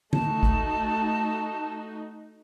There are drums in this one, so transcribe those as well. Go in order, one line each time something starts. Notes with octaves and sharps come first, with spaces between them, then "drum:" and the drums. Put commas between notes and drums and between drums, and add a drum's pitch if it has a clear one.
A3 D#4 F#4 A5, drum: tom D3
drum: kick G#1